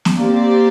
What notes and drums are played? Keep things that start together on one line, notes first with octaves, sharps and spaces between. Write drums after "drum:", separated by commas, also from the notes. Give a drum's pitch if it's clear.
drum: snare B3
A#3 C4 G4 D5